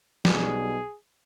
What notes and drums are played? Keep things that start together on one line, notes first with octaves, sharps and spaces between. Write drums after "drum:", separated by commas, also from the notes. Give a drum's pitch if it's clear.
B1 B2 G3 G#4, drum: snare